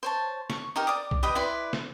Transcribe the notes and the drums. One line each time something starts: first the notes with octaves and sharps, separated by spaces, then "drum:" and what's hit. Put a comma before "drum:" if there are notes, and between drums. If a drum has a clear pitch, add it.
C5 C#5 A5
C#6, drum: snare
D#4 G4 A#4
D5 D6 D#6
drum: kick B1
G4 B4 D#5 G5
E4 B4 D5 C6
drum: snare